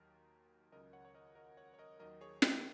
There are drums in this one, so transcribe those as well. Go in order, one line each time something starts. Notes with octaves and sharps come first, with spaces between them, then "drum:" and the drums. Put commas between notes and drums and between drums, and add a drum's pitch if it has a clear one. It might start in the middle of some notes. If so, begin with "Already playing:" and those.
Already playing: D#2 D#3 F#3 A#4
C#2 C#3 F#3 A#4 D#5
C#5 F#5
C#5
A#4 D#5
A#4 D#5
C#5 F#5
C#5
A#4 D#5
D#2 D#3 F#3 A#4 D#5
G#4 C#5
A#4 D#5, drum: snare